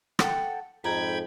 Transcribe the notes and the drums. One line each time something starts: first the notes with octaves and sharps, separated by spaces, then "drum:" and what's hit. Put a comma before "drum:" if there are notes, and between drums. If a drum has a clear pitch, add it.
A4 F#5 G5, drum: rim click
F2 G#2 G5 A#5 B5 G#6